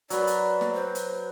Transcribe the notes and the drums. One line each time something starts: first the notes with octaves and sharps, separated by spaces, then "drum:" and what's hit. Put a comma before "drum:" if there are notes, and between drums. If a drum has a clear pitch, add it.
F#3 B4 D5, drum: hi-hat
drum: hi-hat
drum: snare
C5
drum: hi-hat